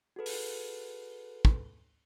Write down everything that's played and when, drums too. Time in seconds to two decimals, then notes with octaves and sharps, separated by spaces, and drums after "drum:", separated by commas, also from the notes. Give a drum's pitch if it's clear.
0.16 F#4 G#4 A4 B4
0.26 drum: open hi-hat
1.45 drum: kick